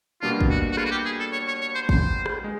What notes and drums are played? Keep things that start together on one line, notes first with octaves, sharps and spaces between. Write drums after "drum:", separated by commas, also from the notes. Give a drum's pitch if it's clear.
B2 G3 A#3 D4 F4
drum: kick
F#4
F#4
F4, drum: rim click
F#4
G4
G#4
A4
C#5
C#5
C#5
C5
C5, drum: kick
drum: rim click
G#3